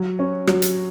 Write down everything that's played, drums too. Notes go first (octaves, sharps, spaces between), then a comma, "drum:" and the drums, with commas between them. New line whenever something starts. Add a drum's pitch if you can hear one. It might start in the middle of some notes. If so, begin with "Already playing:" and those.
Already playing: F#3
C#4
F#3, drum: rim click
drum: hi-hat